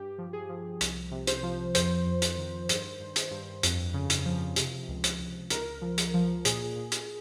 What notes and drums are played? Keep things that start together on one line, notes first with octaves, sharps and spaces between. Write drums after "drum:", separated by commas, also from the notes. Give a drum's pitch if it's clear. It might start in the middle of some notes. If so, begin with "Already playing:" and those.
Already playing: G2 G4
F3
G#4
F3
C2, drum: hi-hat
C3
C5, drum: hi-hat
F3
F2 C5, drum: hi-hat
F2
drum: hi-hat
D#3
G2, drum: hi-hat
G2
drum: hi-hat
G2
F2, drum: hi-hat
C#3
drum: hi-hat
F3
C3, drum: hi-hat
C#2
drum: hi-hat
C#2
C#2 A#4, drum: hi-hat
F3
drum: hi-hat
F3
A#2 G#4, drum: hi-hat
A#2
drum: hi-hat